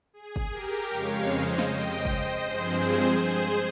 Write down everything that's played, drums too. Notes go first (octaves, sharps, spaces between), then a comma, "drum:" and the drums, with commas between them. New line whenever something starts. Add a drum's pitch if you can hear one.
G#4
drum: kick
G4 A#4
F2 C#3 G#3 C#5 F5
C5 D#5
drum: snare
D#5 G5
C5 D#5, drum: kick
G2 F3 G#3 C4 G#4 C5
G#4 C5